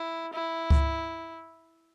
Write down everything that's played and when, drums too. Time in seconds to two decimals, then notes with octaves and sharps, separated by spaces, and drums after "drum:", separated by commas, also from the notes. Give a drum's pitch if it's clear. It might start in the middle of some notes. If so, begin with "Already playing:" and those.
Already playing: E4
0.33 E4
0.70 drum: kick C#2